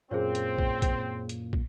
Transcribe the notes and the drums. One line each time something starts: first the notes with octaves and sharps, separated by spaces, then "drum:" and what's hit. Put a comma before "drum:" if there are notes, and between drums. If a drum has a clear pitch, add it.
F#2 A#2 A#3 C4 G#4 C5 C#5
drum: hi-hat
drum: kick
drum: kick, hi-hat
drum: hi-hat
drum: kick